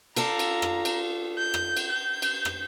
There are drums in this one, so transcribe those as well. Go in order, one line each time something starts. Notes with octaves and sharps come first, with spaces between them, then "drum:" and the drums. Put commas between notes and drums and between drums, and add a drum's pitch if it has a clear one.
F4 A4 D5 A#5, drum: cymbal
drum: cymbal
drum: rim click
drum: cymbal
G6
drum: rim click
drum: cymbal
G6
drum: cymbal
drum: rim click